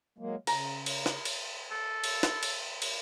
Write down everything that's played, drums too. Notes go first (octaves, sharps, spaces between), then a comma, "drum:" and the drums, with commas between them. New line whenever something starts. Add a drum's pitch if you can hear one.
F#3 G#3 A#3
C#3 A#5, drum: cymbal
drum: cymbal
drum: snare
drum: cymbal
A4
drum: cymbal
drum: snare
drum: cymbal
drum: cymbal